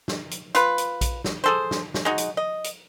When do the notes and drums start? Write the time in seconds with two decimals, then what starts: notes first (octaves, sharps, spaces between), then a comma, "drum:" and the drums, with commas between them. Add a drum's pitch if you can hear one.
0.08 drum: snare
0.31 drum: hi-hat
0.55 F4 B4, drum: hi-hat
0.78 drum: hi-hat
1.01 drum: kick A#1, hi-hat
1.24 drum: snare
1.44 G#4 A4 C5
1.71 drum: snare
1.94 drum: snare
2.05 G#3 D#4 F#4
2.18 drum: hi-hat
2.37 D#5
2.64 drum: hi-hat